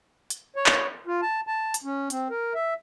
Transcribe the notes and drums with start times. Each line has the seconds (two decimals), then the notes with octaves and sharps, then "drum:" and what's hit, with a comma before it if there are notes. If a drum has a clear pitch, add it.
0.30 drum: hi-hat
0.56 C#5
0.66 drum: clap
1.07 F4
1.22 A5
1.47 A5
1.74 drum: hi-hat
1.84 C#4
2.10 C4, drum: hi-hat
2.30 A#4
2.54 E5